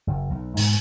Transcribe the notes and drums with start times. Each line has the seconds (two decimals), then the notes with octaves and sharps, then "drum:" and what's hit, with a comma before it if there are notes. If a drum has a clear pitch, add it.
0.07 F#1
0.30 B1
0.57 G#2 B2 G#3, drum: open hi-hat